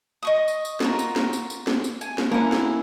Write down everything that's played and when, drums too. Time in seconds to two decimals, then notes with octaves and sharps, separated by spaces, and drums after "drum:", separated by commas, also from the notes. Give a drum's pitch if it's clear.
0.23 D#5 C#6 D#6
0.48 drum: tambourine
0.65 drum: tambourine
0.80 F4 F#4 A#4, drum: snare
0.99 drum: tambourine
1.16 drum: snare
1.33 drum: tambourine
1.50 drum: tambourine
1.67 drum: snare
1.84 drum: tambourine
2.01 G#5, drum: tambourine
2.18 drum: snare
2.31 A#3 C#4 E4 A#4 F#5
2.52 drum: snare